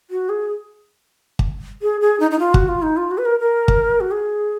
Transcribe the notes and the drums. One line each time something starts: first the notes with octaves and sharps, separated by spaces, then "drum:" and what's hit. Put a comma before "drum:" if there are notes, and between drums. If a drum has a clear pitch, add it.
F#4
G#4
drum: kick
G#4
G#4
D#4
D#4
F4
F#4, drum: kick
F4
D#4
F4
F#4
B4
A#4
A#4
drum: kick
F#4
G#4